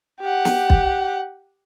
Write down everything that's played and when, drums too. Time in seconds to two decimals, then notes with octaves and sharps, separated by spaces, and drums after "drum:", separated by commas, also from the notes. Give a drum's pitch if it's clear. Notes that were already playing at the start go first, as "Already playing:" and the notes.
0.20 G4 F#5
0.45 drum: snare
0.70 drum: kick